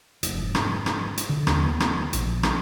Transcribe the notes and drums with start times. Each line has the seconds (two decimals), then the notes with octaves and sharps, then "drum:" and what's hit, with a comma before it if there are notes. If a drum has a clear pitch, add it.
0.23 F1, drum: hi-hat
0.41 G#2
0.55 drum: rim click
0.86 drum: rim click
1.17 drum: hi-hat
1.29 D3
1.47 D#2, drum: rim click
1.65 B3
1.80 drum: rim click
2.13 A#1, drum: hi-hat
2.43 drum: rim click